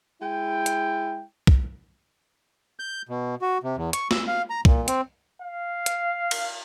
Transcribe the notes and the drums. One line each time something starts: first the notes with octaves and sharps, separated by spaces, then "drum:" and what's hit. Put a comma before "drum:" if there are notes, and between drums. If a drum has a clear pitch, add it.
G#3 E4 G5
drum: hi-hat
drum: kick
G6
B2
F#4
C3
E2
C#6, drum: hi-hat
E6, drum: snare
F5
A#5
A#2, drum: kick
C4, drum: hi-hat
F5
drum: hi-hat
drum: cymbal